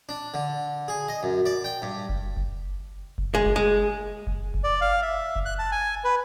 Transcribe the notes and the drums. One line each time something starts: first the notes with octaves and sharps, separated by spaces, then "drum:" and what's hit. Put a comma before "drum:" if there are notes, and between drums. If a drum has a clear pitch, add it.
D4
D3
G#4
D#5
F#2
D5
G5
G2
drum: kick F#1
drum: kick F#1
drum: kick F#1
G#3
drum: kick F#1
G#3
drum: kick F#1
drum: kick F#1
D5
F5
E5
drum: kick F#1
F#6
A5
G#5
B4